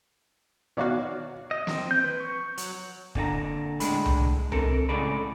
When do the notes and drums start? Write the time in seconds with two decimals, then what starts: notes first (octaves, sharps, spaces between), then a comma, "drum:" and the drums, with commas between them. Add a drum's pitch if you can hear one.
0.77 B2 D#3 F#4 C#5 D5 F5
1.51 D#5
1.67 C4, drum: snare
1.91 G6
2.04 B4
2.20 C#6
2.58 F#3, drum: hi-hat
3.15 A#2 D3 D5 A#5, drum: kick
3.80 A2 D3 G#3 D4 B5, drum: hi-hat
4.06 drum: tom C2
4.52 C4 A4 A#4, drum: tom C2
4.89 A2 C#3 G#3 A4 D5 B5